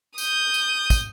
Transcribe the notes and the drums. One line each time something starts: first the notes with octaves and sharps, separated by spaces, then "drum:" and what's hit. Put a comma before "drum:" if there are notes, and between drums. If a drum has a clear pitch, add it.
D#6 G6, drum: tambourine
drum: tambourine
drum: kick, tambourine